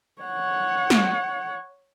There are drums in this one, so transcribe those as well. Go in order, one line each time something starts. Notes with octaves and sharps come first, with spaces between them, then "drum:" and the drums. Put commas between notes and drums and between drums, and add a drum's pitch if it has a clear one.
C#5 F#5
drum: snare